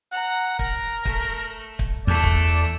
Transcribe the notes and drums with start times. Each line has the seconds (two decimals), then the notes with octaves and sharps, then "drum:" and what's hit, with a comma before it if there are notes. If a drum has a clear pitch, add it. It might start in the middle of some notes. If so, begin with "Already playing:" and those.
0.12 F#5 A#5
0.59 A#4, drum: kick
1.05 A3, drum: kick
1.79 drum: kick
2.07 E2 A3 A4 D5
2.23 drum: kick